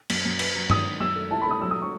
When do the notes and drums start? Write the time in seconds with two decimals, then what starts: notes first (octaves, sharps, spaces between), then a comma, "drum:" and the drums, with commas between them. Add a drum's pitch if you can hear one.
0.10 F#2, drum: cymbal
0.25 F#2
0.39 B4, drum: cymbal
0.56 F#3
0.70 D#3 D#6, drum: tom G2
0.86 D#3
1.00 F#2 E6
1.16 A3
1.31 E4 A5
1.42 A3 B5
1.51 D#6
1.61 F#3 E6
1.71 D#6
1.77 F#3
1.82 C#6